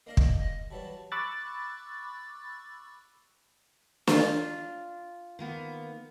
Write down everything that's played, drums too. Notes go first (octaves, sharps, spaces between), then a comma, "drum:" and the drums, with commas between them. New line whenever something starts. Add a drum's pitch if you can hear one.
A#3 D4 D#5 F5
drum: kick
E3 F#3 G3 A5
B5 C#6 D6 E6 F#6 A6
D4 F4, drum: snare
D#3 A#3 B3